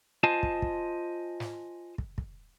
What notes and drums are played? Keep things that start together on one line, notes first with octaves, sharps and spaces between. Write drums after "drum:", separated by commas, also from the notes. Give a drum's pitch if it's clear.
F4 C5 D#5 G#5 A5
drum: kick
drum: kick
drum: snare
drum: kick
drum: kick